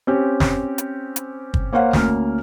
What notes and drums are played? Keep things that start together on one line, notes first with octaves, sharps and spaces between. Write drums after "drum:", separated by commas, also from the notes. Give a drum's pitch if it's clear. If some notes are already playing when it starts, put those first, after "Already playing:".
C4 C#4 G4
drum: snare
drum: hi-hat
drum: hi-hat
drum: kick
A#3 C5 C#5 F5 F#5
D2 A#3 C#4 F6, drum: snare